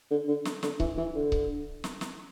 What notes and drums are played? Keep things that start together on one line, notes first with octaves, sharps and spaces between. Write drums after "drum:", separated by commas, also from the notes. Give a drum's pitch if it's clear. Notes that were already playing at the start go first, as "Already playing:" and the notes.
D3
D3
drum: snare
D3, drum: snare
E3, drum: kick C#1
E3
D3
drum: kick C#1
drum: snare
drum: snare